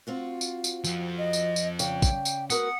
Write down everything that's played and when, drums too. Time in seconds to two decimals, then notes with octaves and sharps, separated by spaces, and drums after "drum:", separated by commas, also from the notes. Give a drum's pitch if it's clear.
0.07 C4 F4 F#4
0.41 drum: tambourine
0.64 drum: tambourine
0.84 F2 F3, drum: tambourine
1.18 D#5
1.33 drum: tambourine
1.56 drum: tambourine
1.79 C#3 D5 G5, drum: tambourine
2.02 drum: kick, tambourine
2.25 drum: tambourine
2.50 B3 F#4 A#4 F#5 D#6, drum: tambourine